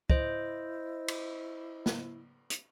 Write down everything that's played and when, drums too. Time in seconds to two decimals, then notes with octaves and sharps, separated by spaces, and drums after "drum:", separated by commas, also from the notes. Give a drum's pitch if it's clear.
0.10 E4 C5 D#5, drum: kick
1.08 drum: cymbal
1.86 drum: snare
2.50 drum: hi-hat